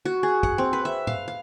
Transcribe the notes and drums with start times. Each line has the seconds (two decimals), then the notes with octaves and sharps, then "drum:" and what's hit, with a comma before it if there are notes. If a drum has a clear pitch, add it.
0.05 F#4
0.23 G#4
0.43 F#5, drum: kick
0.58 C4
0.73 B4
0.85 E5
1.07 F5, drum: tom A2
1.28 F5